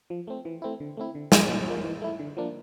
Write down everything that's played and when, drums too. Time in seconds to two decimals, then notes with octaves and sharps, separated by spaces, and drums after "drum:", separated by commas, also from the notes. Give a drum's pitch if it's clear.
0.10 F3
0.27 A3 C4
0.45 E3
0.62 A3 C4 E4
0.80 D3
0.97 A3 C4 E4
1.15 D3
1.32 F3 A#3 E4, drum: snare
1.49 A#2
1.67 F3 A#3
1.84 E3
2.02 A3 E4
2.19 D3
2.37 F3 A#3 D4